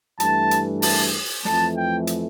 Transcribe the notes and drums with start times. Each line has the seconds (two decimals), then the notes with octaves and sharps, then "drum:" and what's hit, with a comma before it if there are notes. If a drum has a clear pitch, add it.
0.20 G2 E3 A3 A5, drum: hi-hat
0.51 drum: hi-hat
0.82 A5, drum: open hi-hat
1.45 F2 E3 A3 A5, drum: snare
1.75 G5
2.07 drum: hi-hat